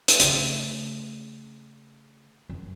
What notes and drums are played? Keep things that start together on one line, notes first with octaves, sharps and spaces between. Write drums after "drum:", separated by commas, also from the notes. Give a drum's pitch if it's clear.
drum: hi-hat
C#3 A3, drum: hi-hat
F#2